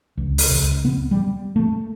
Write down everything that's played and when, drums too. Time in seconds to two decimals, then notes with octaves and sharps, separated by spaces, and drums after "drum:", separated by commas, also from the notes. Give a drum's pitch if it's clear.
0.17 C#2
0.38 drum: open hi-hat
0.50 C#2
0.85 B3
1.11 G3
1.56 A3